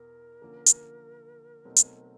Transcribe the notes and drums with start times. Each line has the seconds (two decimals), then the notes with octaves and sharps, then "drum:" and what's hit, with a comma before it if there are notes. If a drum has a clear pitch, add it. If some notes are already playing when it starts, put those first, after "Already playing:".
Already playing: E2 B2 B3 A#4
0.41 D3 F3 A#3 C#4
0.66 drum: hi-hat
1.65 B2 F#3 A3 C4 D#4
1.76 drum: hi-hat